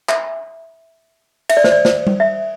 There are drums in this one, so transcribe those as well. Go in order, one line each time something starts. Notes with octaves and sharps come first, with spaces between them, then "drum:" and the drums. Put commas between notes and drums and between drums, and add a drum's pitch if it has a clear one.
E5, drum: clap
E5, drum: cymbal
D5
C5, drum: snare
D5
C5, drum: snare
drum: tom G3
E5